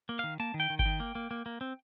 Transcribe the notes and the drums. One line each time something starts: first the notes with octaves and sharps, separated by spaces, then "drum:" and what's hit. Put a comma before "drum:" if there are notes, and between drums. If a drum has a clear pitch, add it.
A#3
D#3 F5
A#3 A5
D#3
G5
D#3
G5, drum: kick G1
D#3
A#3
A#3
A#3
A#3
C4